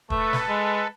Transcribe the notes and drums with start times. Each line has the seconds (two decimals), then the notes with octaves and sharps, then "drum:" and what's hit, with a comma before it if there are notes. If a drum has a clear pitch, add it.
0.10 A3 A4 B4, drum: kick
0.33 drum: snare
0.49 G#3